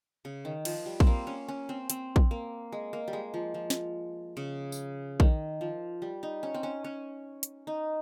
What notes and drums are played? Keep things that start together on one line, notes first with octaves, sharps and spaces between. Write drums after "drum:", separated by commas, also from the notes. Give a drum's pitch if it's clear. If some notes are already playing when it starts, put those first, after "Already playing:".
C#3
D#3
F3, drum: cymbal
G3
C4, drum: kick A#1
A#3
C#4
C#4
C4
C4, drum: hi-hat
drum: kick A#1
A#3
G#3
A#3
G3
G#3
F3
F3
drum: snare
C#3
drum: tambourine
D#3, drum: kick A#1
F3
G3
D#4
C#4
C4
C#4
C#4
drum: hi-hat
D#4